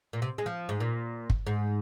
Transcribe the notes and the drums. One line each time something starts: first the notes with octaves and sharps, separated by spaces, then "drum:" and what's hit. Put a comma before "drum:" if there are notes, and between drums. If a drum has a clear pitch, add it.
A#2
C3
G#3
F3
G#2
A#2
drum: kick
G#2